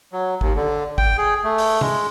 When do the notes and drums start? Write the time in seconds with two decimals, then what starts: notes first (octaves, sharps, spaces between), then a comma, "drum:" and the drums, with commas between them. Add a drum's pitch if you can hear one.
0.13 F#3
0.41 D#2, drum: kick
0.56 D3
0.98 G5, drum: kick
1.18 G#4
1.44 A3
1.58 drum: open hi-hat
1.81 G#3, drum: tom C3